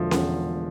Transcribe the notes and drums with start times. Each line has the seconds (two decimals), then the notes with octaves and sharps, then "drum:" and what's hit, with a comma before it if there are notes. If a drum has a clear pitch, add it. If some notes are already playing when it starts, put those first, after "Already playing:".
Already playing: E1 D3 F3 E5
0.11 E2, drum: snare C#4